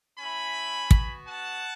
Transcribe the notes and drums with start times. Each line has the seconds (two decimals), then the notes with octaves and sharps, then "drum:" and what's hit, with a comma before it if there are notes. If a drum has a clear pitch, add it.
0.18 A3 C#4 E4 G#5 B5
0.91 B3 F#4, drum: kick
1.25 F#5 A5